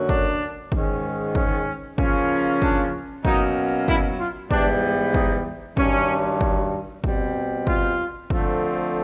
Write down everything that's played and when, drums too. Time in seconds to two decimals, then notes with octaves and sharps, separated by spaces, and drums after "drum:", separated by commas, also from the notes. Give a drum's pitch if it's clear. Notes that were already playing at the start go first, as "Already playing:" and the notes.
Already playing: F#2 D3 F#3 A#3 C#4
0.09 D4, drum: kick
0.72 G#2 D#3 G#3 C#4, drum: kick
1.35 C#4, drum: kick
1.98 C#3 F3 A#3 C#4, drum: kick
2.62 D4, drum: kick
3.25 B2 F#3 A#3 C#4 D#4, drum: kick
3.88 E4, drum: kick
4.20 F4
4.51 G#2 E3 G3 B3 D4, drum: kick
5.14 D#4, drum: kick
5.77 G2 D#3 F#3 C#4, drum: kick
6.41 drum: kick
7.04 B2 G3 C4, drum: kick
7.67 F4, drum: kick
8.30 D3 F3 A3 C4, drum: kick